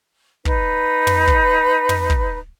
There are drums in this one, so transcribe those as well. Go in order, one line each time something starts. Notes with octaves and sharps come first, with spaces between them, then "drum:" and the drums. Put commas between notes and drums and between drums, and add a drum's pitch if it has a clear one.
D#4 B4, drum: kick
drum: tom
drum: kick
drum: tom
drum: kick